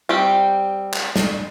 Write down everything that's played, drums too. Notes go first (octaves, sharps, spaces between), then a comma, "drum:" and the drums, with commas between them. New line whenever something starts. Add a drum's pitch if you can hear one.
G3 C4 G4
drum: clap
drum: snare